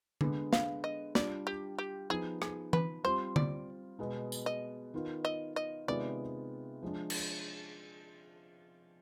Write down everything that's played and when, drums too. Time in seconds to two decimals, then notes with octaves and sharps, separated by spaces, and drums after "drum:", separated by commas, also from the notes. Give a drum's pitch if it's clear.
0.21 D3 G#3 B3, drum: tom D3
0.53 F5, drum: snare
0.84 D#5
1.15 G3 D4 F4 D5, drum: snare
1.47 G4
1.79 G4
2.10 F3 B3 D#4 G#4
2.42 G#4, drum: rim click
2.73 B4, drum: tom E3
3.04 G3 C4 F4 C5
3.36 D5, drum: tom D3
3.99 B2 G#3 B3
4.32 drum: tambourine
4.46 D#5
4.94 D#3 B3 F4
5.25 D#5
5.56 D#5
5.88 C3 D#3 G#3 B3 F4 D5
6.83 F3 G#3 D4
7.10 drum: cymbal